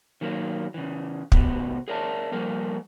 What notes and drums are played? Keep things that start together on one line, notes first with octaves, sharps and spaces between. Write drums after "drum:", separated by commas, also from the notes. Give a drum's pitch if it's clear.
D#3 F#3 A#3
C#3 E3
G#2 C3 B3 F#4, drum: kick
G#4 A#4 C#5 D5 E5 A5
F3 G3 A#3 A#4